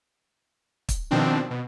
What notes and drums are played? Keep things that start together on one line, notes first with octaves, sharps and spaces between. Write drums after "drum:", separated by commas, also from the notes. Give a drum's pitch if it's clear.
drum: kick, hi-hat
B2 D#3 F3 C4 D4
B2